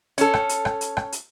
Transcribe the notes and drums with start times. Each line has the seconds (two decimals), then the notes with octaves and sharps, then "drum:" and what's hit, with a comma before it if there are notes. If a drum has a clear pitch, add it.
0.18 C#4 A4, drum: hi-hat
0.34 drum: rim click
0.49 drum: hi-hat
0.65 drum: rim click
0.81 drum: hi-hat
0.97 drum: rim click
1.12 drum: hi-hat